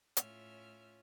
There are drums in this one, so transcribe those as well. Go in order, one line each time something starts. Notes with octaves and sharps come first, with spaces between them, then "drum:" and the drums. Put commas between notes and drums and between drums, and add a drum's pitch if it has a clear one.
A2 C#4 F4 E5 F6, drum: hi-hat